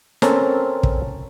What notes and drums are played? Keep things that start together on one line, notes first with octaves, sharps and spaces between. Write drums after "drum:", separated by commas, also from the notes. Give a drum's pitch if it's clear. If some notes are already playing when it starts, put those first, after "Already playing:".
C4 C#4 A4 A#4 A5, drum: snare
drum: kick